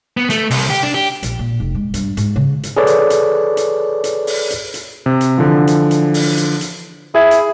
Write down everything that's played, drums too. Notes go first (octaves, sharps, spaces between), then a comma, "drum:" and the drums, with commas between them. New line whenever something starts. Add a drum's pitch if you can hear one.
B3
A3, drum: hi-hat
C2, drum: open hi-hat
G4
D4
G4
A#1, drum: hi-hat
A#2
F1
G#3
G2, drum: hi-hat
G#2, drum: hi-hat
C#3
drum: hi-hat
G#4 A4 B4 C#5 D5
drum: hi-hat
drum: hi-hat
drum: hi-hat
drum: hi-hat
drum: open hi-hat
drum: hi-hat
drum: hi-hat
C3
drum: hi-hat
D3 E3 F3
drum: hi-hat
drum: hi-hat
drum: open hi-hat
drum: hi-hat
drum: hi-hat
E4 G#4 G#6
drum: hi-hat